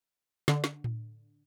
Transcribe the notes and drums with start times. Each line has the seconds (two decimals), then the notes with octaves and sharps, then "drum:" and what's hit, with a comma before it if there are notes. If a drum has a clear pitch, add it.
0.48 D3, drum: snare
0.64 drum: snare
0.84 drum: tom A2